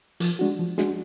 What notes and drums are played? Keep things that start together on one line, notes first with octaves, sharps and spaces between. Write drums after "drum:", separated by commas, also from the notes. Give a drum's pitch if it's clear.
F3, drum: hi-hat
G#3 D4 F#4
F3
G#3 D4 F#4, drum: snare